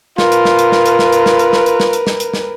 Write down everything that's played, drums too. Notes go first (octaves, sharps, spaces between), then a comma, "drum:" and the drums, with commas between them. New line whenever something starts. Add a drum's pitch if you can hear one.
F4 A#4 B4, drum: snare
drum: hi-hat
drum: snare
drum: hi-hat
drum: snare
drum: hi-hat
drum: snare
drum: hi-hat
drum: snare
drum: hi-hat
drum: snare
drum: hi-hat
drum: snare
drum: hi-hat
drum: snare
drum: hi-hat
drum: snare